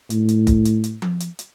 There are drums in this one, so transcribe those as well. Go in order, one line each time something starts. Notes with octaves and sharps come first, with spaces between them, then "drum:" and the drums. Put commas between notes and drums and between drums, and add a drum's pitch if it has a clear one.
A2, drum: hi-hat
drum: hi-hat
drum: kick, hi-hat
drum: hi-hat
drum: hi-hat
drum: tom F3
drum: hi-hat
drum: hi-hat